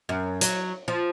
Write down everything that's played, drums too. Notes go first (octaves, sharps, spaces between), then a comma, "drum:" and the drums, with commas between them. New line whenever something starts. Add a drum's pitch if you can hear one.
F#2
F#3, drum: hi-hat
F3